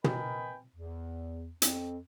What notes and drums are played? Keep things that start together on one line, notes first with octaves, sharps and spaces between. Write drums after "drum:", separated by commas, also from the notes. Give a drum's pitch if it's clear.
A#4 B4 D#5 G5 G#5 B5, drum: tom
E2
F2 C4, drum: hi-hat